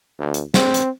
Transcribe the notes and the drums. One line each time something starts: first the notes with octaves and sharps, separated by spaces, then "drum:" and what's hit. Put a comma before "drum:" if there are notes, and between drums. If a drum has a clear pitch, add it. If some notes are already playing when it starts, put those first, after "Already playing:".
D2
drum: hi-hat
C4, drum: snare
drum: hi-hat